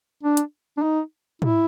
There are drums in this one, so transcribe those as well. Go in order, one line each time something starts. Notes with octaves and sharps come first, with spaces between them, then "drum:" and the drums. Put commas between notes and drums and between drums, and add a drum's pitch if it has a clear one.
D4
drum: hi-hat
D4
D#4
E4, drum: tom